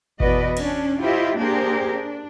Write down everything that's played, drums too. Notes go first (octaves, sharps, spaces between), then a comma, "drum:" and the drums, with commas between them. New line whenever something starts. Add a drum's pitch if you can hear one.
E2 B2 F#4 B4 D5 D#5, drum: kick G1
C#4 D4, drum: cymbal
E4 F4 G4 C5 D#5 E5
A#3 D4 G4 G#4 A#4 C5
D4